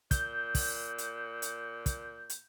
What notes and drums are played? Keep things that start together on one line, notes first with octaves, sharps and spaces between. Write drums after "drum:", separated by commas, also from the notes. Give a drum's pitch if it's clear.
A#2 G6, drum: kick, hi-hat
drum: kick, open hi-hat
drum: hi-hat
drum: hi-hat
drum: kick, hi-hat
drum: hi-hat